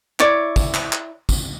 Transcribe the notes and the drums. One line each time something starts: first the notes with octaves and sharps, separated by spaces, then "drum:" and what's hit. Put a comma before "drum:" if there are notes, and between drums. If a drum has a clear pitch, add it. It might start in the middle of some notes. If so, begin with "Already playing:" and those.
E4 C#5 D5, drum: clap
drum: kick, tambourine
drum: clap
drum: clap
drum: kick, tambourine